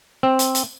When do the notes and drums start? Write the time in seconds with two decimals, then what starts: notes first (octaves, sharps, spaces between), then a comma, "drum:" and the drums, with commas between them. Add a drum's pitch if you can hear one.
0.23 C4
0.39 drum: hi-hat
0.55 drum: hi-hat